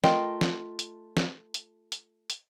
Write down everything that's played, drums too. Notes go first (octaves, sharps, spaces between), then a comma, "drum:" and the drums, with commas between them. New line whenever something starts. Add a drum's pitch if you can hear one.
A3 F4 A#4 D#5 G5, drum: snare
drum: snare
drum: hi-hat
drum: snare
drum: hi-hat
drum: hi-hat
drum: hi-hat